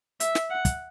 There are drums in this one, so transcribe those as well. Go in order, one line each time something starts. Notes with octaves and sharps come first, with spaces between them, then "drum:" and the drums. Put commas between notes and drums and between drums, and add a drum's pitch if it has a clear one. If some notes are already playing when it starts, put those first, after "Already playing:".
E5, drum: hi-hat
drum: snare
F#5
drum: kick, hi-hat